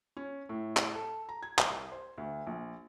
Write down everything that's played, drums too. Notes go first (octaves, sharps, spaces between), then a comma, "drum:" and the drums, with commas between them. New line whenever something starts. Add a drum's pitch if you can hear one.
C#4
A2
drum: clap
A4
A#5
G#6
C2, drum: clap
C5
D2
A#1